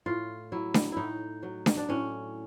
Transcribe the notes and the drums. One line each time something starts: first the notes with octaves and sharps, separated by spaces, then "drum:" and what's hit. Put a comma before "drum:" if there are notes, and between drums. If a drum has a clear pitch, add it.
A2 F4
F#3 E4
drum: snare D4
A2 D#4 E4
F#3
drum: snare D4
D4
A2 C#4